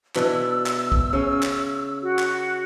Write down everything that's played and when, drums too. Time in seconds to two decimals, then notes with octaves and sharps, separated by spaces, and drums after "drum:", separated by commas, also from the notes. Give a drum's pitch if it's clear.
0.16 B2 E3 D4 E6, drum: clap
0.66 drum: clap
0.92 drum: kick
1.13 C#3 C#4
1.43 drum: clap
2.02 F#4
2.19 drum: clap